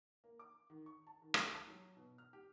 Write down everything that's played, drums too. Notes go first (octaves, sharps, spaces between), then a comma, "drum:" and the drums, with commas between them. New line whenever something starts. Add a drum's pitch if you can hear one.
A#3
D6
D#3
C#6
A5
D#3
G4, drum: rim click
A5
F#3
B2
F6
G4